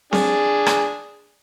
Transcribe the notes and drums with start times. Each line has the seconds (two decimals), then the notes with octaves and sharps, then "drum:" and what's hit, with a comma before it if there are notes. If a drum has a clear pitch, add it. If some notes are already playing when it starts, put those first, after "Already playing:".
0.13 D4 G#4, drum: snare C4
0.66 drum: rim click